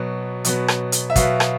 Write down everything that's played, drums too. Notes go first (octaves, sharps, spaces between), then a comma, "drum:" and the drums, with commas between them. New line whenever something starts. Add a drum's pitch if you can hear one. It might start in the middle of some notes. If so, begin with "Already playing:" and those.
Already playing: B2 F#3 B3
B2 F#3 B3, drum: hi-hat
drum: rim click
drum: hi-hat
E5
B2 F#3 B3 F5, drum: kick, hi-hat
drum: rim click